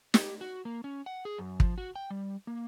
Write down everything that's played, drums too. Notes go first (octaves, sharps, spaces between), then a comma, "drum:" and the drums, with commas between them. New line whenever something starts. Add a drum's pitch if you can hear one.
G4, drum: snare
F#4
A#3
C#4
F#5
G#4
F#2
F3, drum: kick
F#4
G5
G3
A#3